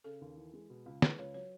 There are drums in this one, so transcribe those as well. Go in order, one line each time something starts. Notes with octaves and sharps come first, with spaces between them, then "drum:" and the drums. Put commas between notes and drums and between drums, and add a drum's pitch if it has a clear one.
C#3 A4
D#2
E3
G#3
B2
C#2
G#3 B4, drum: snare
C#2 C#5
F#3 C#5